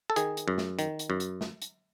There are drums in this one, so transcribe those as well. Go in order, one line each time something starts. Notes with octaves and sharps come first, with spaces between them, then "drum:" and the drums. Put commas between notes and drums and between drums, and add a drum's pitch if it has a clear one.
A4
D#3 G#4, drum: hi-hat
drum: hi-hat
F#2
drum: snare
D#3, drum: hi-hat
drum: hi-hat
F#2
drum: hi-hat
drum: snare
drum: hi-hat